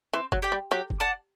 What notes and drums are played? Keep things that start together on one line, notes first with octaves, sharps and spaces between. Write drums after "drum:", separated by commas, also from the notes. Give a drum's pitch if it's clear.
E3 C4
F#3, drum: kick
G4 D5 G5
G3
F#3 G4
drum: kick
D5 F#5 A5